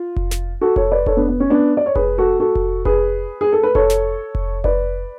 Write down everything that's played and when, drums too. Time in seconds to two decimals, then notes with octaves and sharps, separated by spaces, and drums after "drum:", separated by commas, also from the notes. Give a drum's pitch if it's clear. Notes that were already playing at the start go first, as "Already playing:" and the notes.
Already playing: F4
0.16 drum: kick F1
0.31 drum: snare
0.61 F#4 A4
0.76 A4 C#5, drum: kick F1
0.92 B4 D5
1.06 A4 C#5, drum: kick F1
1.17 B3 D4
1.28 B3
1.40 C#4
1.50 B3 D4
1.77 D5
1.86 C#5
1.95 G#4 B4, drum: kick F1
2.18 F#4 A4
2.40 F#4 A4
2.55 drum: kick F1
2.85 G#4 B4, drum: kick F1
3.41 G#4
3.52 A4
3.63 B4
3.75 A4 C#5, drum: kick F1
3.90 drum: snare
4.35 drum: kick F1
4.64 B4 D5, drum: kick F1